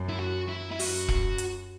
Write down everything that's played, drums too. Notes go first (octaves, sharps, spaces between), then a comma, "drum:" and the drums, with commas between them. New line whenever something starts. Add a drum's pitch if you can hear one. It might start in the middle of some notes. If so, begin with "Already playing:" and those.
Already playing: F#2
E4
F#4
E4
E4
F#2 F#4, drum: open hi-hat
drum: kick E1
drum: hi-hat